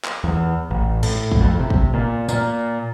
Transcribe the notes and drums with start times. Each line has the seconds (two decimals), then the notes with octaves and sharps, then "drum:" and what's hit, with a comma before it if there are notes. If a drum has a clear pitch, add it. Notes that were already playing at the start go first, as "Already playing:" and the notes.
0.05 drum: clap
0.24 E2
0.70 A1
1.03 A2, drum: cymbal
1.32 drum: kick
1.41 F2
1.59 C3
1.70 drum: kick
1.94 A#2
2.29 A#2, drum: tambourine